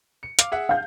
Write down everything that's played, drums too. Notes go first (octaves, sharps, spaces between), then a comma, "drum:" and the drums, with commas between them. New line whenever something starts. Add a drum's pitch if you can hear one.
C#7
F5 D6, drum: hi-hat
G#4 E5 F#5
F5 G6